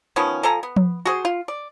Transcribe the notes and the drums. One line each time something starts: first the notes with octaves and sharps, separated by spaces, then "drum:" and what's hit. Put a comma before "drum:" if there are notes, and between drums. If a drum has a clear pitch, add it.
D#3 F3 B3 C#4
F3 A4 G#5 A#5
B3
drum: tom F3
F#4 G#4 C5
F4
D5